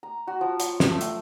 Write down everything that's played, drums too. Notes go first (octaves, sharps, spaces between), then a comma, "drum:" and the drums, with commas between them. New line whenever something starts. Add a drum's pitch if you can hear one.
A#5
F#4
F3
C#5, drum: hi-hat
drum: snare
A3
drum: hi-hat